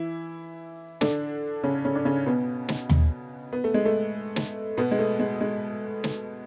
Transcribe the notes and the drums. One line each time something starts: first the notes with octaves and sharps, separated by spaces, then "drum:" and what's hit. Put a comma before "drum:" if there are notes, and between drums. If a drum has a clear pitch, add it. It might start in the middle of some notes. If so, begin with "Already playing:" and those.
Already playing: E3 E4
D3 D4, drum: snare
C#3 C#4
C#3 C#4
D4
C#3 C#4
B2 B3
drum: snare
drum: tom D#2
B3
A3
G#3
A3
drum: snare
B2 B3
G#3
A3
G#3
G#3
drum: snare